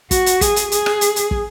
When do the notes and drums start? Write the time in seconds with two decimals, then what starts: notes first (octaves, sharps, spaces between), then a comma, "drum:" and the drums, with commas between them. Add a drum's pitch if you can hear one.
0.11 F#4, drum: kick, hi-hat
0.26 drum: hi-hat
0.41 G#4, drum: kick, hi-hat
0.56 drum: hi-hat
0.72 G#4, drum: hi-hat
0.86 drum: rim click
1.01 drum: hi-hat
1.16 drum: hi-hat
1.31 drum: kick